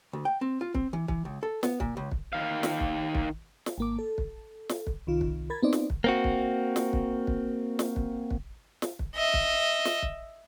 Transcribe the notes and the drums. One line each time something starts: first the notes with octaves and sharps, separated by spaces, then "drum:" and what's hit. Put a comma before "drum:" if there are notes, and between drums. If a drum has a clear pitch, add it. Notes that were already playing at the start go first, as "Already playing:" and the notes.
D2
G5
C4
F4
C4, drum: kick
E3
E3, drum: kick
C#2
A4
B3, drum: snare
A#2, drum: kick
C#2
drum: kick
D#3 F5
drum: snare
drum: kick
drum: kick
drum: snare
G#1 A#3 D6
A4
drum: kick
drum: snare
drum: kick
C2 D#3 F4
drum: kick
A#4 B5 G#6 A6
B3 C4 D#4 D5
drum: snare
drum: kick
A#3 C4 F#4
drum: kick
drum: snare
drum: kick
drum: kick
drum: snare
drum: kick
drum: kick
drum: snare
drum: kick
D#5 E5
drum: kick
drum: snare
drum: kick